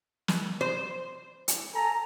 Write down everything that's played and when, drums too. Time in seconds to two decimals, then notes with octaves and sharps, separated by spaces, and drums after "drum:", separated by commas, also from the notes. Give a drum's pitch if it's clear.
0.28 drum: snare
0.61 C5
1.48 drum: hi-hat
1.74 A4 G#5 A#5